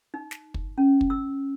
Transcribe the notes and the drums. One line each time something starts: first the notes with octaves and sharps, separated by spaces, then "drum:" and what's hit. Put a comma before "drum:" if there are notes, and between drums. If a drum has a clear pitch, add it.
D#4
drum: snare
drum: kick
C#4
drum: kick
E6